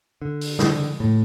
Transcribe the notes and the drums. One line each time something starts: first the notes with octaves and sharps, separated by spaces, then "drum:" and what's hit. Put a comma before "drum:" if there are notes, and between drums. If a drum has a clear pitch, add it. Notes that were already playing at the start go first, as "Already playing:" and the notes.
D3
drum: open hi-hat
D3, drum: snare
A2